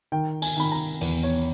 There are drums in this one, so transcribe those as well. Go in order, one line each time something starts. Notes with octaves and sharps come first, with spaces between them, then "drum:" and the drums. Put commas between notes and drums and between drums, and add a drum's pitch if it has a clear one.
D#3 G5
G#5, drum: open hi-hat
D#3 B5
A#5
E2, drum: open hi-hat
C#5